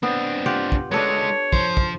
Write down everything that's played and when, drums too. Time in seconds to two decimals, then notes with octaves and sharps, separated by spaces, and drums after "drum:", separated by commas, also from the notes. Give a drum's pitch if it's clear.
0.03 B3 C4 D4
0.46 F4 G4 F#5
0.72 drum: kick
0.91 G#3 D4 F4 A4 B4 C#5
1.53 F3 C5, drum: kick
1.77 drum: kick